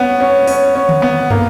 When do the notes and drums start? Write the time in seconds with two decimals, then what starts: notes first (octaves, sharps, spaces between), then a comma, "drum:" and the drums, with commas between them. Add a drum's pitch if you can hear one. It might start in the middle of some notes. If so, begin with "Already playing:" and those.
Already playing: B3 C#4
0.20 C#4
0.47 C#4, drum: open hi-hat
0.75 C#4
0.89 drum: tom D3
1.02 B3
1.30 A#3, drum: tom